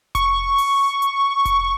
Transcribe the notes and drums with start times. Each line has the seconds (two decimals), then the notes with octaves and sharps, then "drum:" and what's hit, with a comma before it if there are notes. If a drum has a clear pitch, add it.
0.15 C#6, drum: kick F1, hi-hat
0.58 drum: open hi-hat
1.02 drum: hi-hat
1.45 drum: kick F1, hi-hat